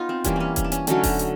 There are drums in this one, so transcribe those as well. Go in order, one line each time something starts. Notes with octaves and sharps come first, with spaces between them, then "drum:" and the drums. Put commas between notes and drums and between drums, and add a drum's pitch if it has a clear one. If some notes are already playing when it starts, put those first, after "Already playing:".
Already playing: B3 D#4 F4
C4
E3 G3 A#3 C#4, drum: kick E1, hi-hat
C4 C#4
C#4, drum: kick E1, hi-hat
D4
C#4, drum: hi-hat
D3 F#3 A3 C#4 D#4, drum: hi-hat
drum: kick E1, open hi-hat
drum: hi-hat